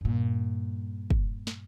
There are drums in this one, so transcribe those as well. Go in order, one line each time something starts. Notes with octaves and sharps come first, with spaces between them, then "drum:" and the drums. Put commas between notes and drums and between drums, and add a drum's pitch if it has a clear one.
G2 A#2
drum: kick
drum: snare